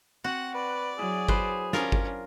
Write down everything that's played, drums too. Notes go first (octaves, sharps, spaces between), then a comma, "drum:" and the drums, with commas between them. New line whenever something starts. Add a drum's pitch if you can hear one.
C4 F#4 F#5
B4 D5
F#3 E4 G#4
B4 C5, drum: kick G1
C#4 D4 F4 A#4, drum: snare
drum: kick G1